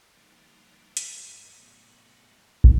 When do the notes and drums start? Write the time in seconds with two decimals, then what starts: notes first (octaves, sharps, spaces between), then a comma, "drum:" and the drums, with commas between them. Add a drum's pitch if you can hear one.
0.16 D3 F3 G3 G#3 A#3 D#4
0.97 G3 B4 F#5, drum: hi-hat
1.20 G2 G#3
1.58 A2 C3 F#3 A3 B3
2.64 A#3 C#4, drum: kick